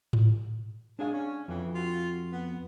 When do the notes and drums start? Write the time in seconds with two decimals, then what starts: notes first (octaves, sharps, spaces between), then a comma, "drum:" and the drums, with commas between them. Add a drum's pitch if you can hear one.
0.13 drum: tom G#2
0.99 F#3 G#3 D4 G#4 F5
1.13 C#4
1.48 F2 B2 E3
1.75 F4 F#4
2.33 B3